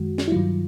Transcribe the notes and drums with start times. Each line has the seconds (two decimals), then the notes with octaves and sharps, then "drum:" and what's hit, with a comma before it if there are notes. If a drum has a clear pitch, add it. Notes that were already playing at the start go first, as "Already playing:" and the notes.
Already playing: F#2 D#3 G#3 F#4
0.18 drum: snare
0.28 E4
0.32 G2 D#3 F#3 F4